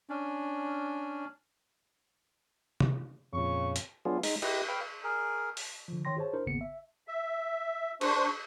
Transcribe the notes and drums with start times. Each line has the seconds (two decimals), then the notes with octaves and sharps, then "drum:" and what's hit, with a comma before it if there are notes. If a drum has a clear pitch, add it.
0.10 C#4 D4
2.80 drum: tom
3.33 F2 A#2 C#3 C#6
3.76 drum: hi-hat
4.05 F#3 B3 D4 F4 G#4
4.23 G#3 D#4, drum: open hi-hat
4.42 E4 G4 D#5, drum: cymbal
4.68 B4 F5 G5
5.04 G#4 A#4
5.57 drum: open hi-hat
5.88 D3 F3
6.05 D#3 C#5 G5 C6 A#6
6.17 F#4 G#4 C5 C#5 A5
6.33 D4 E4 A#4 C5
6.46 G#1 D#2 C#3 A#3 B3 C#7
6.61 E5
7.08 E5
8.01 D4 C5 C#6, drum: cymbal